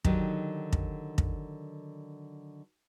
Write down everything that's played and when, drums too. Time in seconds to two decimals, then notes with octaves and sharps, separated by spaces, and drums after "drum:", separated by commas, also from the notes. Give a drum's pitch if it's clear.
0.04 D3 D#3 F#3 D#4 G4, drum: kick
0.73 drum: kick
1.18 drum: kick